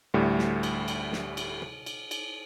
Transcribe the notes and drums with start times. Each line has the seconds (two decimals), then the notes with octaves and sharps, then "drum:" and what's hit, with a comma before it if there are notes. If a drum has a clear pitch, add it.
0.14 D2 A2 G3
0.39 drum: snare
0.63 drum: cymbal
0.88 drum: cymbal
1.12 drum: snare
1.37 drum: cymbal
1.62 drum: tom
1.86 drum: cymbal
2.11 drum: cymbal